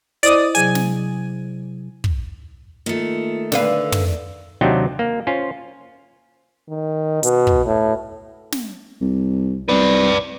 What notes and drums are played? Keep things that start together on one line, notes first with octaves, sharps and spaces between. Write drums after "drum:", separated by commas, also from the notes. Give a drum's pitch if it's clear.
E4 C5 D5 D#5 D#6, drum: hi-hat
C3 F#3 G#4 G#5, drum: hi-hat
drum: snare
drum: kick
D#3 A3 A#3 F4 C#7
D3 B4 D5 F5, drum: snare
drum: tom
D#2 C3 F#3 D4 D#4 G5
A#3
C#4 F4 C5
D#3
B2, drum: hi-hat
drum: kick
A2
drum: snare
C2
C2 B4 D5